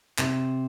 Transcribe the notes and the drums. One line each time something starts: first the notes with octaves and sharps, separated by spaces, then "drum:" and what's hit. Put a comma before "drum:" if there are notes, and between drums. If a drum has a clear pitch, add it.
C3, drum: clap